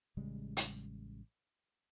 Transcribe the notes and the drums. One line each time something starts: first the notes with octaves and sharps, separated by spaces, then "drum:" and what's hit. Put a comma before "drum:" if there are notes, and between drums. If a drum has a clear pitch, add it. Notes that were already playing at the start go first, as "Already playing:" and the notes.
A1 C#3 G3 G#3
drum: hi-hat